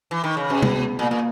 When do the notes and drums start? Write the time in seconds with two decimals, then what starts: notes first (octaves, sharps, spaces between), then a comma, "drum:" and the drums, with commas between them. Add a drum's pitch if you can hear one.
0.11 E3
0.24 D#3
0.37 C#3
0.50 B2 C#4
0.63 B3, drum: tom
0.75 B3
0.86 B3
0.99 A#2 A#3
1.11 A#2